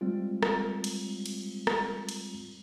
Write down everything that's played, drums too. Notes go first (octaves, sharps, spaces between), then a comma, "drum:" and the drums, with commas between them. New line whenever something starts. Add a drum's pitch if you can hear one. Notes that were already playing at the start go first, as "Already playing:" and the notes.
G3 G#3 C4 F4
drum: rim click
drum: cymbal
drum: cymbal
drum: rim click
drum: cymbal